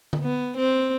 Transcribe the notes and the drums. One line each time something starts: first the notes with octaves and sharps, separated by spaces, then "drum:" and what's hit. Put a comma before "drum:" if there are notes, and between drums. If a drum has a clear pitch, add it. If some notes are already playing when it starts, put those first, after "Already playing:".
drum: tom D3
B3
C4